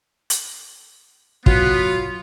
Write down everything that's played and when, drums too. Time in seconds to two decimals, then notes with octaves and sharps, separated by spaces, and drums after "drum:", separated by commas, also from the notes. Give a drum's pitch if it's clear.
0.30 drum: hi-hat
1.46 F#3 B3 F4, drum: kick